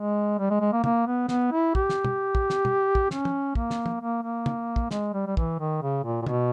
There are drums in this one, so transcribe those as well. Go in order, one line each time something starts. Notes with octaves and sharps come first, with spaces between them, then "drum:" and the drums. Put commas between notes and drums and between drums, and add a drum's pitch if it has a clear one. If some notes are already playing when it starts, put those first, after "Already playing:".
Already playing: G#3
G3
G#3
G#3
A#3
A#3, drum: tom
B3
B3, drum: snare
E4
G4, drum: kick
drum: snare
drum: tom
drum: kick
drum: snare
drum: tom
drum: kick
C#4, drum: snare
drum: tom
A#3, drum: kick
drum: snare
drum: tom
A#3
A#3
drum: tom
drum: kick
G#3, drum: snare
G3
G3
E3, drum: kick
D#3
C#3
A#2
A#2
B2, drum: tom